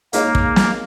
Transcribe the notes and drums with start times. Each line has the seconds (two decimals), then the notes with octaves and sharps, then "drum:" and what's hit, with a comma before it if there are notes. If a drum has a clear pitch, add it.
0.13 G#3 A#3 D#4 G#4 C#5 F5, drum: hi-hat
0.35 drum: kick
0.56 drum: snare